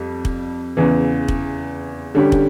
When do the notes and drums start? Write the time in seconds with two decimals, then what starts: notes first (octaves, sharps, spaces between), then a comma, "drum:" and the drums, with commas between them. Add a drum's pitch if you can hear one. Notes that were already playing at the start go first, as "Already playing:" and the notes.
Already playing: F2 G3
0.25 drum: kick
0.77 E2 C#3 E3
1.28 drum: kick
2.15 D3 G3 C#4 G4
2.32 drum: kick